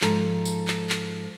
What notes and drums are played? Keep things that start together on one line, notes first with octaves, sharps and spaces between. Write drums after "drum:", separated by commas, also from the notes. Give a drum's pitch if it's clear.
G#2 F3 A4 A#5, drum: clap
drum: tambourine
drum: clap
drum: clap